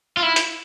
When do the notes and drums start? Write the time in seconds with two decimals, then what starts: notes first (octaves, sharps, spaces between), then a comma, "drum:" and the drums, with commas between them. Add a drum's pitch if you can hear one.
0.17 F4
0.23 E4
0.36 drum: hi-hat